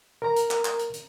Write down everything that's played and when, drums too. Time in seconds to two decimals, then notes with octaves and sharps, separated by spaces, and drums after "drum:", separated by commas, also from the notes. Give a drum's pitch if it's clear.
0.22 A#4 A#5
0.36 drum: hi-hat
0.51 drum: clap
0.65 drum: clap
0.79 drum: hi-hat
0.94 drum: hi-hat